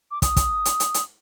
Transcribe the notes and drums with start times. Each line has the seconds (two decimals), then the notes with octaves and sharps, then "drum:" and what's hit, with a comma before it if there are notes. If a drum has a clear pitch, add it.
0.11 D6
0.22 D#6, drum: kick, hi-hat
0.37 drum: kick, hi-hat
0.65 drum: hi-hat
0.80 drum: hi-hat
0.94 drum: hi-hat